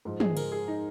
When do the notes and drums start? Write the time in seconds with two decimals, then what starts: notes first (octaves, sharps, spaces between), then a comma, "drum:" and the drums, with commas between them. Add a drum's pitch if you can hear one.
0.05 G#2 F3
0.20 G#4, drum: tom
0.37 A#4, drum: cymbal
0.52 G#4
0.68 D#4